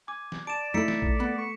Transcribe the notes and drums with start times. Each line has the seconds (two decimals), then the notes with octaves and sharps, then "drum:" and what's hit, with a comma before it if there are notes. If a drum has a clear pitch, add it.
0.08 G#5 D6
0.32 drum: snare
0.47 D5 A5 D7 E7
0.74 A3 D#4 E4 B6 C#7
0.88 drum: snare
1.02 drum: kick A1
1.20 B3
1.38 C#6